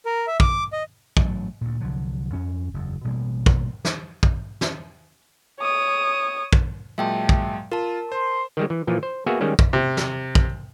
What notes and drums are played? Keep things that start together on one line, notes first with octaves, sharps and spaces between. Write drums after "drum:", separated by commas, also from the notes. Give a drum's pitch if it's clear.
A#4
E5
D6, drum: kick
D#5
A1 F#3 A3, drum: kick
D2 A#2
C2 D3 F3 F#3
F2 C#4
F#1 E2
A1 B2 G3 A#3
drum: kick
drum: snare
drum: kick
drum: snare
C#5 D#6
drum: kick
A#2 F#3 G#3 E5 G5 A5
drum: kick
F4 A#4 A5
C5 C6
D#3 G3 G#3
E3
A#2 E3 F3
C5
A#3 B3 F#4 G#4 E5
D#3 G3 G#3 C#4
drum: kick
C3
drum: snare
drum: kick